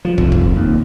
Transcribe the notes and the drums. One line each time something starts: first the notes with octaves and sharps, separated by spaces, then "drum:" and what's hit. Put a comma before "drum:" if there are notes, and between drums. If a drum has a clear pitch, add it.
F3
C2 F2 F3, drum: kick
drum: kick
D#2